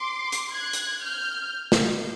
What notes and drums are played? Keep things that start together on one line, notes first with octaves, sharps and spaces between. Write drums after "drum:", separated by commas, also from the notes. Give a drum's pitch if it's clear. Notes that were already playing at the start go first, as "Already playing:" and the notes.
Already playing: C6 D6
drum: hi-hat
F#6 G#6
drum: hi-hat
F6 G6
drum: snare